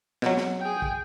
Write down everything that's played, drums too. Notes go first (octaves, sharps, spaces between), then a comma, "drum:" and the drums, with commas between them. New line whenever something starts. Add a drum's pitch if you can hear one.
B2 F#3, drum: snare
drum: snare
G#4 G5
drum: kick